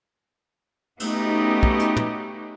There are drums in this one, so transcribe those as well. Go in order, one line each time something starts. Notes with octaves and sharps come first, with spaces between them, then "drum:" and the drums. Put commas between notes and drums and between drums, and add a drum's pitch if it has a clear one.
A3 B3 C#4 D#4 F#4 G4, drum: cymbal
drum: kick
drum: hi-hat
drum: tom